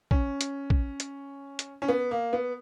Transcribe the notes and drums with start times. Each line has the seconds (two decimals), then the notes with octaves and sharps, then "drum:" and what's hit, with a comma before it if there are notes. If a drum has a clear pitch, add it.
0.11 C#4, drum: kick A#1
0.41 drum: hi-hat
0.70 drum: kick A#1
1.00 drum: hi-hat
1.59 drum: hi-hat
1.82 C#4
1.88 B3
2.11 A#3
2.33 B3